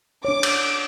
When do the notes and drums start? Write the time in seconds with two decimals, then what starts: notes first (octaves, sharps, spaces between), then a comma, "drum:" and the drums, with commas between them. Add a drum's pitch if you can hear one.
0.25 D4 C#5 D6
0.43 drum: cymbal